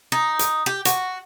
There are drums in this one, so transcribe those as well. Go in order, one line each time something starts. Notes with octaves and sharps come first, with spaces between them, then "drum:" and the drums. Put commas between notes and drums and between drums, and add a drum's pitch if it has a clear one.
D#4
drum: hi-hat
G4
F#4, drum: hi-hat